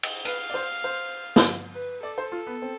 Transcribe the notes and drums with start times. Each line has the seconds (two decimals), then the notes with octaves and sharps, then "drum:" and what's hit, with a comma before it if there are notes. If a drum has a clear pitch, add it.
0.03 drum: cymbal
0.25 B4 F5, drum: hi-hat
0.50 D5
0.54 C5
0.84 C5
1.36 drum: snare
1.73 B4
2.02 A4 D5
2.18 C5
2.32 F4
2.47 B3
2.62 C4